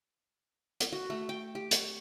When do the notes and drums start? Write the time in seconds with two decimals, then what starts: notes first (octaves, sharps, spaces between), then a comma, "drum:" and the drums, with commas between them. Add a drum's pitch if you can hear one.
0.80 drum: hi-hat
0.92 F#4
1.10 A3
1.29 G5
1.55 G4
1.71 C#6, drum: hi-hat